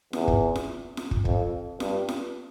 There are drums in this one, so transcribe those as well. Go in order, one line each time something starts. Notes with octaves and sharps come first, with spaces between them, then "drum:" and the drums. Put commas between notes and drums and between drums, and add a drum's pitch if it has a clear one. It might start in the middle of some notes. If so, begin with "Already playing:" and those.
E2, drum: snare F4
drum: kick
drum: snare F4
drum: snare F4
drum: kick
F2, drum: kick
G2, drum: snare F4
drum: snare F4